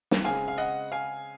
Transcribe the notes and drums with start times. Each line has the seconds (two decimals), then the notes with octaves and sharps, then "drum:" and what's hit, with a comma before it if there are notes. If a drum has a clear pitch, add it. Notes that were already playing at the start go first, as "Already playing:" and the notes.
0.11 drum: snare
0.24 C#3 G#3 C4 F5 G#5
0.48 F5
0.58 D#5 F#5
0.92 F5 G#5